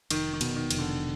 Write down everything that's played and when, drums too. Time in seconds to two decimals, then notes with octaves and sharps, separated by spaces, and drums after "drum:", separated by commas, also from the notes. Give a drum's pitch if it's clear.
0.10 F1 D#3, drum: cymbal
0.33 D#3
0.41 B2, drum: cymbal
0.56 D#3
0.71 F1, drum: cymbal
0.78 D3